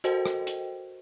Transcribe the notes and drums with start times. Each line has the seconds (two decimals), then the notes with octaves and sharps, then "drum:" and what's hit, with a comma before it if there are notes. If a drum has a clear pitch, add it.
0.04 F#4 A4 A#4 C5 D#5 G5, drum: hi-hat
0.25 drum: rim click
0.47 drum: hi-hat